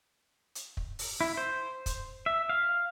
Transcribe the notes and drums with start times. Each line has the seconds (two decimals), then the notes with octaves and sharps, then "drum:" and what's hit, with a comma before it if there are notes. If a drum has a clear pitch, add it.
0.55 drum: hi-hat
0.77 drum: kick
0.99 drum: open hi-hat
1.21 E4
1.37 C5
1.86 drum: kick, hi-hat
2.26 E5
2.49 F5